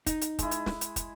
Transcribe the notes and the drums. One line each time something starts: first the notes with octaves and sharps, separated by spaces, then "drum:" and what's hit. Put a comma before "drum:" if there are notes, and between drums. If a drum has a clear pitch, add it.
D#4, drum: kick, hi-hat
drum: hi-hat
G#3 E4, drum: kick, hi-hat
drum: hi-hat
drum: snare
drum: hi-hat
drum: kick, hi-hat